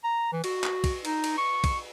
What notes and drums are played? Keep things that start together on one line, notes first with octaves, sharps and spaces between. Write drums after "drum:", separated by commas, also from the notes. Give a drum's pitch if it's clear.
A#5
E3
F#4, drum: cymbal
drum: clap
drum: kick, cymbal
D#4, drum: cymbal
drum: cymbal
C#6
drum: kick, cymbal